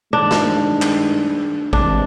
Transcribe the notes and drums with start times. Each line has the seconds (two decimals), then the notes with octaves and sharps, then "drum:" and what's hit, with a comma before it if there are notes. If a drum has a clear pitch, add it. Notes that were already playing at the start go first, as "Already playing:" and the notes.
0.13 G2 D#3 G#3 D4
0.31 drum: snare
0.82 drum: clap
1.73 G2 E3 G#3 C4 D4, drum: kick G#1